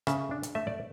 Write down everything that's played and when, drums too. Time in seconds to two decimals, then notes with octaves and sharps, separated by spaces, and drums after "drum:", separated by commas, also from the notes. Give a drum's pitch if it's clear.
0.07 C#3 E5, drum: rim click
0.31 D4
0.43 drum: hi-hat
0.55 A3 E5
0.67 D5